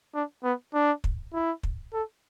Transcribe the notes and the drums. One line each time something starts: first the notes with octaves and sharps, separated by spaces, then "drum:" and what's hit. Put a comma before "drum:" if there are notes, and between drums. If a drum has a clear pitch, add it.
D4
B3
D4
drum: kick
E4
drum: kick
A4